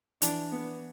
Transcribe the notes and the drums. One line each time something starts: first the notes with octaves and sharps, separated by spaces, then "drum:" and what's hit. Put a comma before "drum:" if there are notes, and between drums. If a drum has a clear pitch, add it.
E3 D4, drum: hi-hat
B3